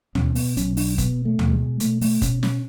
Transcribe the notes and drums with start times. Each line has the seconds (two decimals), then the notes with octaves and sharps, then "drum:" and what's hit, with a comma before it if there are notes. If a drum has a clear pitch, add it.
0.15 B2 C#4, drum: tom
0.35 B3, drum: open hi-hat
0.57 B1 C#4, drum: hi-hat
0.77 D4, drum: open hi-hat
0.98 B2 B3, drum: kick, hi-hat
1.25 A3
1.39 B2, drum: tom
1.53 G#3
1.80 B2 A3, drum: hi-hat
2.01 A3, drum: open hi-hat
2.22 B2 C#4, drum: kick, hi-hat
2.43 C#4, drum: snare